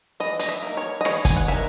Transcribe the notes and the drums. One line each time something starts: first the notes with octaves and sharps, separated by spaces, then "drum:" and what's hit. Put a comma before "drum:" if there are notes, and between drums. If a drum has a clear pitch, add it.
E3 D#5
D#5, drum: hi-hat
E5
A#3 D#4
C#5
D#5
E3 C#5, drum: rim click
G#5, drum: kick, hi-hat
F#5
A#3 D#4 E5